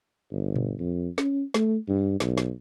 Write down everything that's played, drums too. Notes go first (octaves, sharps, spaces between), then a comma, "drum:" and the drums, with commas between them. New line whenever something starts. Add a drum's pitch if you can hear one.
G1
drum: tom A#2
F2
C#4, drum: snare
A3, drum: snare
G2
B1, drum: snare
drum: snare